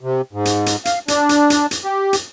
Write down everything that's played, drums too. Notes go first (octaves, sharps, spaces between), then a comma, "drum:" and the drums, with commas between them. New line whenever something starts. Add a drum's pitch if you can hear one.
C3
G#2
drum: hi-hat
drum: hi-hat
F5, drum: hi-hat
D4, drum: hi-hat
drum: hi-hat
drum: hi-hat
drum: hi-hat
G4
drum: hi-hat